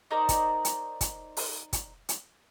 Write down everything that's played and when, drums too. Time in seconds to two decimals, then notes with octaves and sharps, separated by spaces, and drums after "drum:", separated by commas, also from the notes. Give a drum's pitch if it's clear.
0.11 D#4 A#4 C5 D5
0.29 drum: kick, hi-hat
0.65 drum: hi-hat
1.01 drum: kick, hi-hat
1.37 drum: open hi-hat
1.73 drum: kick, hi-hat
2.09 drum: hi-hat